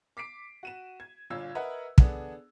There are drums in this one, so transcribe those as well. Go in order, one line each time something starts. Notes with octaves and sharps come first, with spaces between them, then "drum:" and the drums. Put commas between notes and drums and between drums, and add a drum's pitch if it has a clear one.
D6 B6 C7 D7
F#4 D#7 E7
G#6
G1 A#2 F4 E6 G#6
A#4 B4 D#5 E5 F#5 A#5
B3 D4 G#4 A4, drum: kick